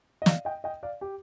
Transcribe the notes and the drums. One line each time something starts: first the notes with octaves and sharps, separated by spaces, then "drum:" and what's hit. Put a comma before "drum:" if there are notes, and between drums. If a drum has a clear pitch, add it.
D#5
D5 F5, drum: snare
D#5 G5
D#5 G5
D5 F5
G4